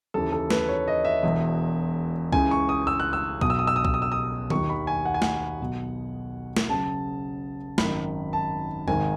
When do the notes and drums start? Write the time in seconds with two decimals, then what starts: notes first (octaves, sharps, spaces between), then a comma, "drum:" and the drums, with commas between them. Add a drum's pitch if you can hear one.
0.14 D#2 C#3 E3 A4
0.32 A4
0.50 B4, drum: snare
0.69 C#5
0.88 D#5
1.05 E5
1.23 E1 E2 B2
2.32 C#2 C#3 E3 G#5, drum: kick C2
2.51 C#6
2.69 D#6
2.87 E6
3.00 F#6
3.13 E6
3.41 B1 B2 D#6, drum: kick C2
3.50 E6
3.59 D#6
3.67 E6
3.76 D#6
3.85 E6, drum: kick C2
3.94 D#6
4.02 E6
4.12 D#6
4.50 D#2 D#3 C#6, drum: tom D#3
4.70 B5
4.87 G#5
5.05 F#5
5.14 G#5
5.22 F#5, drum: snare
5.60 B1 B2
6.57 drum: snare
6.69 F#1 F#2 C#3 A5
7.78 G#1 F#2 D#3 B5, drum: snare
8.33 A5
8.88 G#1 G#2 D#3 G#5, drum: tom